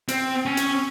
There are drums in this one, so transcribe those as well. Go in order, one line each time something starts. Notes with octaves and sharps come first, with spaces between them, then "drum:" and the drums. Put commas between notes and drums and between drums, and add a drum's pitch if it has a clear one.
C4, drum: hi-hat
C#4
drum: hi-hat